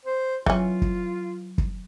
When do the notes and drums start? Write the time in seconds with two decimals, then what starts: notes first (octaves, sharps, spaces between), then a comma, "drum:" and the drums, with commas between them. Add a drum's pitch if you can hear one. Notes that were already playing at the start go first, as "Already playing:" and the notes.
0.05 C5
0.46 E3 F#3 C#4 F4, drum: kick
0.82 drum: kick
1.58 drum: kick